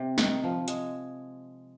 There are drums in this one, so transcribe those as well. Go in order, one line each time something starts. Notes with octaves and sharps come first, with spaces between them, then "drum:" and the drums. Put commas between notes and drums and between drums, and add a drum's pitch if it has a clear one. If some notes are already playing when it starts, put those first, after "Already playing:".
Already playing: C3
D#3, drum: snare
F3
G#3, drum: hi-hat